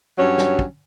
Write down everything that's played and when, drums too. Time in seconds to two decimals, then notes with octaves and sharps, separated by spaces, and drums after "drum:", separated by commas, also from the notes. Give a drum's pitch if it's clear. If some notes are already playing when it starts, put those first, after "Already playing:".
0.17 G2 F#3 C#4
0.38 drum: snare
0.59 drum: kick